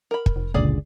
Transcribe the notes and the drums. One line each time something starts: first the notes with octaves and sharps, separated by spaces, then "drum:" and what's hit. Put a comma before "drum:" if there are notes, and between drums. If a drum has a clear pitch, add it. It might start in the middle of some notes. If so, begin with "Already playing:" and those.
A#4 B5
drum: kick
F1
F#1 C#2 A#2 D3 G#4 D5